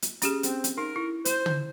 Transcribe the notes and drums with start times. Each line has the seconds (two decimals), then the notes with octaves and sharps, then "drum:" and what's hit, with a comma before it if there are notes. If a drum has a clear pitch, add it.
0.02 drum: hi-hat
0.22 C#4 G4 G#4, drum: hi-hat
0.43 C4, drum: hi-hat
0.64 drum: hi-hat
0.78 D#4 A#4
0.96 E4
1.25 C5, drum: hi-hat
1.46 drum: tom